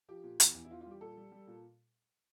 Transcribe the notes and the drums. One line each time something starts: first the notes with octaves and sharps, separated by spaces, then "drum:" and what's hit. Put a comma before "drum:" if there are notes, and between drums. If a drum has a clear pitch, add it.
F3 G4
A#2
E2, drum: hi-hat
E2
E4
E3 F4
F4
G3 G4
A#2 A4
G3
G3
A#2